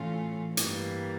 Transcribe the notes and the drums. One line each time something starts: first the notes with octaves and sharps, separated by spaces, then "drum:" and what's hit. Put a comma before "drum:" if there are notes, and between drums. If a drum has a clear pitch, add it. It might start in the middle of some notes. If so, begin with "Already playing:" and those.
Already playing: A2 E3 A3 C#4 F4
G2 E3 G3 A#3, drum: hi-hat